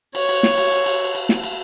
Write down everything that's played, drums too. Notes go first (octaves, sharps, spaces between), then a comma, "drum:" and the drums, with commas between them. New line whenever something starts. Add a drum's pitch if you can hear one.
C#5, drum: cymbal
drum: cymbal
drum: snare
drum: cymbal
drum: cymbal
drum: cymbal
drum: cymbal
drum: snare
drum: cymbal